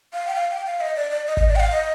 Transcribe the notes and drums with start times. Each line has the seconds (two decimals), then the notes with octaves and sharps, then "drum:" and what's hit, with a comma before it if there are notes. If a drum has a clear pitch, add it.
0.13 F5
0.27 G5
0.35 F5
0.51 G5
0.67 F5
0.81 D#5
0.96 D5
1.11 D5
1.27 D#5
1.37 D#5, drum: kick G#1
1.48 D5
1.56 G5
1.60 F5
1.72 D#5